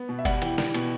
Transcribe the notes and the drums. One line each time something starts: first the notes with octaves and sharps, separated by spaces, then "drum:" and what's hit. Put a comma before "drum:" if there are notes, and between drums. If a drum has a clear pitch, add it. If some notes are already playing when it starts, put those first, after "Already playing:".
Already playing: B3
B2
E5
G3 F#5, drum: kick F#1, cymbal
E3 G5, drum: cymbal
G3, drum: snare
B2, drum: cymbal